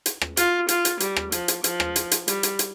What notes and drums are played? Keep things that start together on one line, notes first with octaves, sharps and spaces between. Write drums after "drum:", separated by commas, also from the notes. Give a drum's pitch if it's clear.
drum: hi-hat
drum: rim click
F4, drum: hi-hat
F4, drum: hi-hat
drum: hi-hat
G3, drum: hi-hat
drum: rim click
F3, drum: hi-hat
drum: hi-hat
F3, drum: hi-hat
drum: rim click
drum: hi-hat
drum: hi-hat
G3, drum: hi-hat
drum: hi-hat
drum: hi-hat